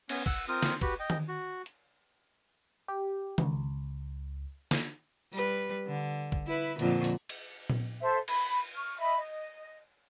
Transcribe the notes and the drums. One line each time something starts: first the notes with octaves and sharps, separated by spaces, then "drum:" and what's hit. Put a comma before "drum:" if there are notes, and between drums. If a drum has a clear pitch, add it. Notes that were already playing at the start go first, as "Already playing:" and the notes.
B3 C#4, drum: cymbal
F#5 E6, drum: kick
C4 F4 A#4 D#6
drum: snare
F#4 G4 B4, drum: kick
D#5 G5
drum: tom D#3
F#4
drum: hi-hat
G4
C#2, drum: tom D#3
drum: snare
G3 B4, drum: tambourine
D3
drum: kick
E4 B4
F2 A#2 D3, drum: hi-hat
drum: open hi-hat
drum: cymbal
drum: tom A#2
A4 C5 E5
B5, drum: cymbal
C#6 F6
D#5 E5 B5
D#5